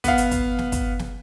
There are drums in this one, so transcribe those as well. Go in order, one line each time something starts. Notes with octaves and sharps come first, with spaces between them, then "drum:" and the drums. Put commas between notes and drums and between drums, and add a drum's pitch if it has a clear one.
B3 F5, drum: kick, hi-hat
drum: hi-hat
drum: kick, hi-hat
drum: snare
drum: kick, hi-hat
drum: snare